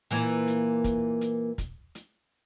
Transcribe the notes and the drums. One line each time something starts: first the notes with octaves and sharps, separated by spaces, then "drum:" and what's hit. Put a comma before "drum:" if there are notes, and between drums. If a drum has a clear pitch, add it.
A#2 E3 A#3, drum: hi-hat
drum: hi-hat
drum: kick, hi-hat
drum: hi-hat
drum: kick, hi-hat
drum: hi-hat